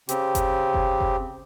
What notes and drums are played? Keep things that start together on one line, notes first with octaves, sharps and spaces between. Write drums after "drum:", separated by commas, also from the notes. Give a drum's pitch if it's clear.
C#3 C4 G4, drum: hi-hat
drum: kick F#1, hi-hat
drum: kick F#1
drum: kick F#1